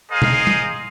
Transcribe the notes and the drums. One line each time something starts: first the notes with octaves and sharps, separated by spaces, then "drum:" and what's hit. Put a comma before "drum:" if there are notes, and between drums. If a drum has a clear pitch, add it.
G#4 A#4 C5 D#5 F5
drum: tom B2
drum: tom G3